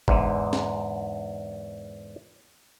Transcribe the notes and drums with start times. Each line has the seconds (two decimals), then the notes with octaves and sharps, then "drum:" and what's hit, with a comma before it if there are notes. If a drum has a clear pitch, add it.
0.08 E2 G#2 D3, drum: kick
0.53 drum: snare